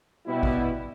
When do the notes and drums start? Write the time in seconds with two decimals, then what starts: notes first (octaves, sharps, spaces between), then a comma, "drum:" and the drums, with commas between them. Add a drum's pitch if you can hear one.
0.26 B2 G3 B3 E4
0.43 drum: kick